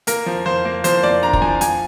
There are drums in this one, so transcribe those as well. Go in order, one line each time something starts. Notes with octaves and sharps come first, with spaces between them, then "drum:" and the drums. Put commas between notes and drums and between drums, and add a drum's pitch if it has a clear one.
A#3 A#4, drum: hi-hat
F3
F3 C5
A#3
F3 C5, drum: hi-hat
A#3 D5
D4 A#5
A#5, drum: kick
F3 G#5
F3 G#5, drum: hi-hat